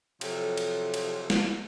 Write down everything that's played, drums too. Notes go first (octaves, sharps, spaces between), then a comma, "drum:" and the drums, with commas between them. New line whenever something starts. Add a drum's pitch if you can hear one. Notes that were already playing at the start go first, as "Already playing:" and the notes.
C3 F3 F#3 A4, drum: cymbal
drum: cymbal
drum: cymbal
drum: snare